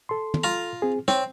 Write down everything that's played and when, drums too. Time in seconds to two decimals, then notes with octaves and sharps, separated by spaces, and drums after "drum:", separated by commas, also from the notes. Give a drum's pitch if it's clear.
0.09 A4 C6
0.34 drum: tom
0.44 F4 A#5
0.82 C4 G#4
1.08 C4 C#5, drum: snare